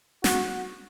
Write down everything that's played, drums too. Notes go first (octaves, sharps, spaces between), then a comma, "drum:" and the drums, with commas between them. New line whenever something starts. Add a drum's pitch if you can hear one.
F#4, drum: snare